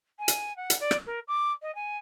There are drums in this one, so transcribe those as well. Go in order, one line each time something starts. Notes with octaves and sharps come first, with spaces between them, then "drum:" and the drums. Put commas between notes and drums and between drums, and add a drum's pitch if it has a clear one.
G#5
drum: hi-hat
F#5
drum: hi-hat
D5
drum: rim click
A#4
D6
D#5
G#5